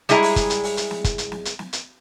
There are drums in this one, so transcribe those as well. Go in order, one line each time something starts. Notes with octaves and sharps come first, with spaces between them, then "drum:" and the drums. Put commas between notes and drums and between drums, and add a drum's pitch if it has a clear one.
G3 G#3 E4 G#4 A#5, drum: hi-hat
drum: open hi-hat
drum: kick, hi-hat
drum: hi-hat
drum: open hi-hat
drum: hi-hat
drum: snare
drum: kick, hi-hat
drum: hi-hat
drum: snare
drum: hi-hat
drum: snare
drum: hi-hat